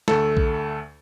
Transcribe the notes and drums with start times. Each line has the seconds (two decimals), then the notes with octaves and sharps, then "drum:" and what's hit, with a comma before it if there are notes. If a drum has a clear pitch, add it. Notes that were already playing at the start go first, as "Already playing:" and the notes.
0.08 D2 A3 A4, drum: snare
0.37 drum: kick A#1